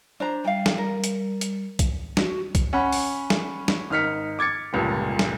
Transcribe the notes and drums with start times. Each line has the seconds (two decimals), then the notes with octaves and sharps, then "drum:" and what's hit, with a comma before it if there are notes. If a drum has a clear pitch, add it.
0.20 D4 C5 A#5
0.44 G3 F5 G5
0.66 drum: snare
0.78 A#4
1.04 drum: hi-hat
1.41 drum: hi-hat
1.79 drum: kick B1, hi-hat
2.17 F#4, drum: snare
2.55 drum: kick B1, hi-hat
2.73 C#4 F#5 B5
2.93 drum: open hi-hat
3.30 drum: snare
3.68 drum: snare
3.90 G#1 D#4 F6 B6 C#7
4.39 D6 G#6 A6 C#7
4.73 F1 C#2 G2 A#2
5.19 drum: snare